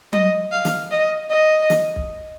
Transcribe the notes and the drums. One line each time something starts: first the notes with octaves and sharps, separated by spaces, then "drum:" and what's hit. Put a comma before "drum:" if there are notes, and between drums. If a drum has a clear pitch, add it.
D#5, drum: tom F#3
F5
drum: snare
D#5
D#5
drum: snare
drum: kick